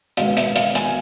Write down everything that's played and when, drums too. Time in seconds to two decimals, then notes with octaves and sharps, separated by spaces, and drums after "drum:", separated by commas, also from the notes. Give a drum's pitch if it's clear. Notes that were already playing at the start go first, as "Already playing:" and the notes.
0.17 B2 G#3 B3 F5, drum: hi-hat
0.37 E5, drum: hi-hat
0.56 F5, drum: hi-hat
0.75 G#5, drum: hi-hat